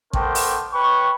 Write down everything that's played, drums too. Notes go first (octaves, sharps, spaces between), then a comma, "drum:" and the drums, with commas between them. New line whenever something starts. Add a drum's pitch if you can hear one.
A3 B3 D4 A#4 C5 G5, drum: kick
drum: open hi-hat
B4 C#5 G5 C#6